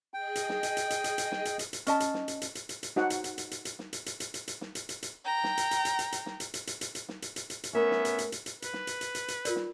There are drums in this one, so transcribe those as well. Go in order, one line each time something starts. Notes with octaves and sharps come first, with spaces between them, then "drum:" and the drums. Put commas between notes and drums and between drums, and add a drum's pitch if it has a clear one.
G#4 D#5 G5
drum: hi-hat
drum: snare
drum: hi-hat
drum: hi-hat
drum: hi-hat
drum: hi-hat
drum: hi-hat
drum: snare
drum: hi-hat
drum: hi-hat
drum: hi-hat
C#4 D#5 A5, drum: hi-hat
drum: hi-hat
drum: snare
drum: hi-hat
drum: hi-hat
drum: hi-hat
drum: hi-hat
drum: hi-hat
D#4 F#4 C5 F#5, drum: snare
drum: hi-hat
drum: hi-hat
drum: hi-hat
drum: hi-hat
drum: hi-hat
drum: snare
drum: hi-hat
drum: hi-hat
drum: hi-hat
drum: hi-hat
drum: hi-hat
drum: snare
drum: hi-hat
drum: hi-hat
drum: hi-hat
G5 A#5
drum: snare
drum: hi-hat
drum: hi-hat
drum: hi-hat
drum: hi-hat
drum: hi-hat
drum: snare
drum: hi-hat
drum: hi-hat
drum: hi-hat
drum: hi-hat
drum: hi-hat
drum: snare
drum: hi-hat
drum: hi-hat
drum: hi-hat
drum: hi-hat
A3 B3 C#4 A#4 E5
drum: snare
drum: hi-hat
drum: hi-hat
drum: hi-hat
drum: hi-hat
B4, drum: hi-hat
drum: snare
drum: hi-hat
drum: hi-hat
drum: hi-hat
drum: hi-hat
F4 A#4 D5, drum: hi-hat
drum: snare